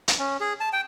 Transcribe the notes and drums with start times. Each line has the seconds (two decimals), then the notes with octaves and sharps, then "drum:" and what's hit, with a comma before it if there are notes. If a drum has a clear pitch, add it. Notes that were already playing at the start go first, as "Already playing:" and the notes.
0.08 drum: hi-hat
0.19 C#4
0.40 G#4
0.60 A5
0.73 G5